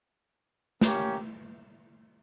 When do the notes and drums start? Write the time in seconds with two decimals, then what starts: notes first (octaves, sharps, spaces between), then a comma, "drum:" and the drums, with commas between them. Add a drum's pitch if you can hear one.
0.81 A#3 C#4 G4 C#5, drum: snare